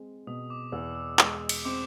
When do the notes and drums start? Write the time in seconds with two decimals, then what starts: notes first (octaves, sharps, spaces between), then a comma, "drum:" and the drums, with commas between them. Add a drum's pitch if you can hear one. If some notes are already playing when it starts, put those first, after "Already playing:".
Already playing: G#3 C4
0.27 B2 D#6
0.50 D6
0.72 E2 E6
0.95 E6
1.19 G#3 D#6, drum: clap
1.49 drum: cymbal
1.65 C4 D6